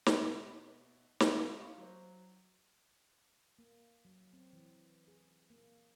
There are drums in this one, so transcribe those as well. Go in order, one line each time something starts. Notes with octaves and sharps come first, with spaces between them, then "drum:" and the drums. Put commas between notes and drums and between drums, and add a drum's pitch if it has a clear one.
drum: snare
B2 E5 A5
C#4 D#4 F4 G#4 D#5 A5, drum: snare
D#5 F5 C6 C#6
F#3 C5
A#3
F#3
C4
E3
G#4
A#3